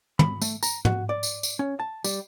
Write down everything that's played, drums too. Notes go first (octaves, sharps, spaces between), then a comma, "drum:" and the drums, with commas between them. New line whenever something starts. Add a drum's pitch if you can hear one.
B5, drum: tom
A3, drum: tambourine
A#5, drum: tambourine
F#4, drum: tom
D5
drum: tambourine
drum: tambourine
C#4
A5
G3, drum: tambourine